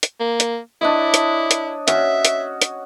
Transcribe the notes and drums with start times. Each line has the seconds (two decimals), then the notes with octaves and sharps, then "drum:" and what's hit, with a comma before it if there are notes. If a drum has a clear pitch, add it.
0.03 drum: hi-hat
0.20 A#3
0.40 drum: hi-hat
0.81 D4 E4 C#5 D#5
1.14 drum: hi-hat
1.51 drum: hi-hat
1.88 C#4 F#4 E5, drum: hi-hat
2.25 drum: hi-hat
2.62 drum: hi-hat